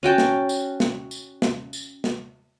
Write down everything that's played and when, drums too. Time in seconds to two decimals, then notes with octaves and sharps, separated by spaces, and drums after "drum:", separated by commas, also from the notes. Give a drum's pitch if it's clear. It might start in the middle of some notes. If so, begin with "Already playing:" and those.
0.03 C#4 F#4 G5 A5
0.18 drum: snare
0.49 drum: tambourine
0.80 drum: snare
1.11 drum: tambourine
1.42 drum: snare
1.73 drum: tambourine
2.04 drum: snare